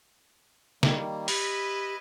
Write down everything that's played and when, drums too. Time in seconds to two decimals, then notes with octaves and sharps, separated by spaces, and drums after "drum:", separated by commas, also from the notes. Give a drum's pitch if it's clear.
0.83 D#3 G3 A#3, drum: snare
1.28 E4 G4 B4 D#5 B5, drum: open hi-hat